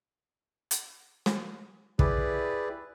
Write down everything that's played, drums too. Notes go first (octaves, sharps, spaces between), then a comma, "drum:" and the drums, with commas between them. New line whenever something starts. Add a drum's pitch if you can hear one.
drum: hi-hat
drum: snare
E4 G4 G#4 B4 D5, drum: kick